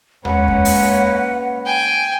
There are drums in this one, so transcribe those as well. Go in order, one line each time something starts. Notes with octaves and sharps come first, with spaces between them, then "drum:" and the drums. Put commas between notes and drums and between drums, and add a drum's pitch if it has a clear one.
G#3 A#3 C#4 B4 F#5, drum: tom D#2
drum: kick F2
drum: open hi-hat
G5 G#5